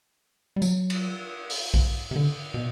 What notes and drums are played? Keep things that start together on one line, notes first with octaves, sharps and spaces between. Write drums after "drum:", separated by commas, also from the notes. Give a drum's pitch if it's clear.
G3
F#3, drum: tambourine
drum: cymbal
drum: open hi-hat
drum: kick A#1
C3
D3
B2